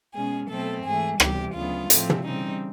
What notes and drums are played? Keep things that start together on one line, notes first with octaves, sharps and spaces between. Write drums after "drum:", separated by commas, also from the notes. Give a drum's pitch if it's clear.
B2 G#3 C#4 G#4
B2 F#3 A3 C4 A4
G#2 E3 A3 G#4
C3 E3 G3 G4, drum: rim click
D2 C#3 F#3 B3 F4
A2 F3 A3 C4, drum: hi-hat
drum: tom
C#3 E3 G3 C4 D#4